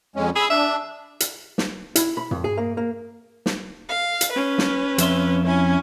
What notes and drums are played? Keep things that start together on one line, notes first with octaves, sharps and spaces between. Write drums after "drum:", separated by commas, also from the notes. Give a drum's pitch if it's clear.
F2 G#3 C#4
G#4 B5 E6
D4 E5
drum: hi-hat
drum: snare
E4, drum: hi-hat
B5
F2, drum: tom
G#4
A#3
A#3
drum: snare
F5
drum: hi-hat
C#4 B4
drum: snare
F2 E5 C6, drum: hi-hat
C#4 E4 G#5